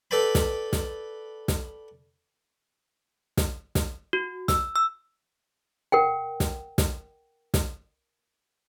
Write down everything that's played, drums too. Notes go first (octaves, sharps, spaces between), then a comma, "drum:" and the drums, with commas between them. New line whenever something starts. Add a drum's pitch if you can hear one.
A4 B4 D5 G5 B5
drum: snare
drum: snare
drum: snare
drum: snare
drum: snare
F#4
E6, drum: snare
E6
A#4 F#5 G5
drum: snare
drum: snare
drum: snare